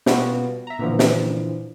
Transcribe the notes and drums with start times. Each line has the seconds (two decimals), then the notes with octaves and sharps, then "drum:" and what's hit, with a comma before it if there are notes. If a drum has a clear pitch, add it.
0.06 B2 G3 F4 F#4, drum: snare
0.67 E5 A#5
0.79 A#2 D3 E3 F3
0.99 drum: snare